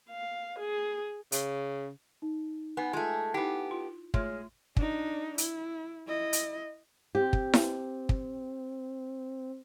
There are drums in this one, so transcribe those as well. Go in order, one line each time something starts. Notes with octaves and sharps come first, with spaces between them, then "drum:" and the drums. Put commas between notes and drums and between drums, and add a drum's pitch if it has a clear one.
F5
G#4
C#3, drum: hi-hat
D#4
B3 D#4 B4 G#5
G#3 A3 F4
B3 D#4 E4 G4
F4
G#3 A3 F4 C#5 F6, drum: kick
D4 D#4, drum: kick
E4, drum: hi-hat
E4 D#5
drum: hi-hat
C4 G4
drum: kick
drum: snare E4
drum: kick